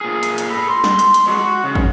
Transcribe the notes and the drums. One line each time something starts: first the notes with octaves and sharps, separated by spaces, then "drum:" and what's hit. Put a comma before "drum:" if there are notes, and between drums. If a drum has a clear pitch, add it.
A#2 G#4
drum: hi-hat
drum: hi-hat
A4 B5
C6
drum: snare
drum: hi-hat
drum: hi-hat
G#3 F#4
F#4
C#3
drum: kick